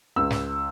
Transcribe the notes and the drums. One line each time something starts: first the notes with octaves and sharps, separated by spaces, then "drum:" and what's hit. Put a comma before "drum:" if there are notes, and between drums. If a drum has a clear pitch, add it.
C#2 E6
drum: snare